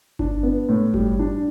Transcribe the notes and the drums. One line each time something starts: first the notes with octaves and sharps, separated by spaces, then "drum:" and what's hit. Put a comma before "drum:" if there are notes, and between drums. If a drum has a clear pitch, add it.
D4, drum: kick G1
B3
A2
G3, drum: kick G1
D4